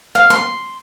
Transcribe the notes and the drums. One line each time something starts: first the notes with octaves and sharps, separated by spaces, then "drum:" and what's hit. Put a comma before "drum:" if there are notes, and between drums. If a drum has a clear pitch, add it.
F5, drum: snare
C6, drum: snare